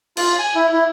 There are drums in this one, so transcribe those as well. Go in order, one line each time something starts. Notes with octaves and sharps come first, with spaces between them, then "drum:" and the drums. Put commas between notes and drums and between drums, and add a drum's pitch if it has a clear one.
F4, drum: cymbal
G#5
E4
E4